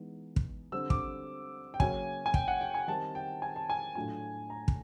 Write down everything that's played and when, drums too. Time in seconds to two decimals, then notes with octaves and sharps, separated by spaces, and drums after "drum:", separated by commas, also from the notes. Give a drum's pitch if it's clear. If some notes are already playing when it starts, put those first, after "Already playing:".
Already playing: E3 G#3 B3 D#4
0.36 drum: kick
0.72 D3 G3 C4 E6
0.90 D6, drum: kick
1.74 G5
1.80 C#3 F#3 A#3 C#4 G#5, drum: kick
2.26 G#5
2.34 G5, drum: kick
2.48 F#5
2.61 G5
2.75 G#5
2.88 D#3 G3 C4 A5
3.15 G5
3.42 G#5
3.56 A5
3.70 G#5
3.95 A2 F#3 A3 D4 F4 G#5
4.50 A#5
4.68 drum: kick